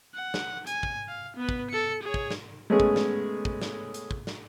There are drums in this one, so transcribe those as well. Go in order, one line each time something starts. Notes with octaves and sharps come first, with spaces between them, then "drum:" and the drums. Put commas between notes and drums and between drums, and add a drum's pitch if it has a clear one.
F#5
drum: snare
G#5, drum: hi-hat
drum: kick
F5
B3 B4
drum: kick
A4 C#7
G#4 C#5
drum: kick
drum: snare
G#3 A3 B3 C#4 G#4
drum: kick
drum: snare
drum: kick
drum: snare
drum: hi-hat
drum: kick
drum: snare